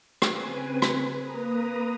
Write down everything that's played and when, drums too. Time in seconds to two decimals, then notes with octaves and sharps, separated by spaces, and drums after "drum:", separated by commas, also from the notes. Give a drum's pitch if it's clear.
0.22 C#3 C4 B4 G#5, drum: rim click
0.82 drum: rim click
1.17 A#3 B4 A#5 D#6